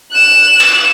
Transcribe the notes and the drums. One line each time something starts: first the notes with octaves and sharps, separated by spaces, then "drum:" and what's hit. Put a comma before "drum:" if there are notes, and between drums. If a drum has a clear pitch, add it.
F#6 E7
drum: cymbal